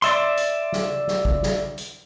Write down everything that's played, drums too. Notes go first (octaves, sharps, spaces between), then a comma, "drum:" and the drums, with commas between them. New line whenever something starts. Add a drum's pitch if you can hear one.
D5 E5 C6, drum: hi-hat
drum: hi-hat
drum: snare
drum: snare
drum: kick A1
drum: snare
drum: hi-hat